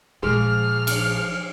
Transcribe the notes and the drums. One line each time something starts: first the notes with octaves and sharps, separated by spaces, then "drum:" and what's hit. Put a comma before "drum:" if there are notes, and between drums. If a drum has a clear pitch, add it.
A#1 F3 G#3 G#4 C6 F6
drum: cymbal